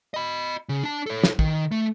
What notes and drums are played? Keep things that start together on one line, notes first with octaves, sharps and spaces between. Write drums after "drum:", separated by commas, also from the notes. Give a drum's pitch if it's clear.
D#5 B5
C#3
D4 A5
A4 C#5
drum: snare
D#3, drum: kick
A3